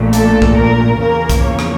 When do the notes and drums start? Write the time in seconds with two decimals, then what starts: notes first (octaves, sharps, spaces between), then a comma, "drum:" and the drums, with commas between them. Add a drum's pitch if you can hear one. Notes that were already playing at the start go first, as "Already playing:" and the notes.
Already playing: A#1 A#2 A3
0.13 A4, drum: hi-hat
0.42 drum: kick
0.56 A#4
1.01 E2 C#3 F3 A#3 A#4
1.30 drum: kick, hi-hat
1.44 C#5
1.59 drum: rim click